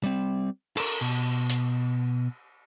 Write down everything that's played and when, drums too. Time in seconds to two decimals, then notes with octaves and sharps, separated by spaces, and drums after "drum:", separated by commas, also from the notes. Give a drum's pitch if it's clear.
0.04 G3 C4
0.77 A4 A#4, drum: cymbal
1.01 B2 A5
1.50 drum: hi-hat